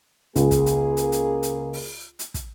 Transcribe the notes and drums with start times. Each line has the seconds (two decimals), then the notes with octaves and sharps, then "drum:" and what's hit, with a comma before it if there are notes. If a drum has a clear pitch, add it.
0.36 C#2 A#3 G#4, drum: hi-hat
0.51 drum: kick, hi-hat
0.66 drum: hi-hat
0.97 drum: hi-hat
1.12 drum: hi-hat
1.43 drum: hi-hat
1.73 drum: open hi-hat
2.19 drum: hi-hat
2.34 drum: kick, hi-hat